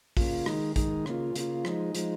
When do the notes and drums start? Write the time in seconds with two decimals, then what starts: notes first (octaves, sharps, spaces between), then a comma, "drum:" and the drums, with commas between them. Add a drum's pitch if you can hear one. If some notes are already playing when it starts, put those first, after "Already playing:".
0.17 C#3 A#3 F4, drum: kick, open hi-hat
0.46 D#3 G#3 D#4, drum: rim click
0.76 D#3 G#3 D#4, drum: kick, hi-hat
1.06 C#3 A#3 F4, drum: rim click
1.36 C#3 A#3 F4, drum: hi-hat
1.65 F3 G#3 D#4, drum: rim click
1.95 F3 G#3 D#4, drum: hi-hat